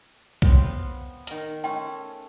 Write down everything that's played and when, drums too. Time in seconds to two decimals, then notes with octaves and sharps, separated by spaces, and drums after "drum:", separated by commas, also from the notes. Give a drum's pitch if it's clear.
0.42 B3 C4 B4 C#5, drum: kick B1
0.61 B3 F5
1.27 D#3 A#4, drum: hi-hat
1.64 A3 C#4 D#5 G5 C6